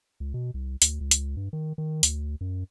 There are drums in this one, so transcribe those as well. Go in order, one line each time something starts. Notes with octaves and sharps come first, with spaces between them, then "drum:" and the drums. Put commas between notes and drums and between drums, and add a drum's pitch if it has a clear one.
C#2
B2
C2
D2, drum: hi-hat
C#2
drum: hi-hat
G2
D#3
D#3
D2, drum: hi-hat
F#2